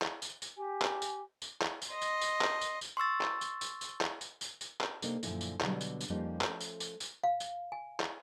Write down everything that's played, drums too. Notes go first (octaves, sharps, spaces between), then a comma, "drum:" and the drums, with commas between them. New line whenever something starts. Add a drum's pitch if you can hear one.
drum: clap
drum: tambourine
drum: tambourine
G4 G#5
drum: clap
drum: tambourine
drum: tambourine
drum: clap
drum: tambourine
D#5 C6
drum: tambourine
drum: tambourine
drum: clap
drum: tambourine
drum: tambourine
C6 C#6 E6 A6
drum: clap
drum: tambourine
drum: tambourine
drum: tambourine
drum: clap
drum: tambourine
drum: tambourine
drum: tambourine
drum: clap
C3 A#3 D4 D#4 A4, drum: tambourine
F#2 A#2 D3 F3 E4, drum: tambourine
drum: tambourine
B2 D3 F#3 G3, drum: clap
drum: tambourine
drum: tambourine
F2 F3 G3 A#3 C#4 D#4
F3 A3 C#4, drum: clap
drum: tambourine
drum: tambourine
drum: tambourine
F5
drum: tambourine
G#5
drum: clap